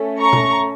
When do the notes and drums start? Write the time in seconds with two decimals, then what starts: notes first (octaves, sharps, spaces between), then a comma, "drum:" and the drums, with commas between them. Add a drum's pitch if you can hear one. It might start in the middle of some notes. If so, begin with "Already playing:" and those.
Already playing: A3 C#4 A4
0.19 A#5 C#6
0.33 drum: tom B2